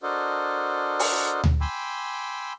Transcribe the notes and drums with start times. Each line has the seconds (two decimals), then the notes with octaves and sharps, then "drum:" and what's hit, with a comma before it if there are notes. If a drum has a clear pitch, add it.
0.03 D4 F#4 A4 A#4 C5 D#5
0.99 drum: open hi-hat
1.44 drum: tom D2
1.61 G5 G#5 B5 C6 D6 E6